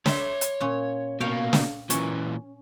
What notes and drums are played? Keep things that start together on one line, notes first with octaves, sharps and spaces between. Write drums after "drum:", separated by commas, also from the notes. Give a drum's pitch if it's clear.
C#5 E5 B5 C6, drum: snare
drum: hi-hat
A#2 C#4
B2 A#3 C#5 F5 G5
drum: snare
A#2 E3 C#4, drum: hi-hat